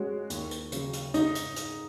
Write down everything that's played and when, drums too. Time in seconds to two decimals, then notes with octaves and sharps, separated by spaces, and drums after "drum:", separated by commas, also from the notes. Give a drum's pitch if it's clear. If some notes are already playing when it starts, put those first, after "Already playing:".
Already playing: G#3 C#4 F#4
0.30 D#2, drum: hi-hat
0.51 drum: hi-hat
0.72 C#3 F#3, drum: hi-hat
0.93 drum: hi-hat
1.14 G#2 D#4, drum: hi-hat
1.35 drum: hi-hat
1.56 drum: hi-hat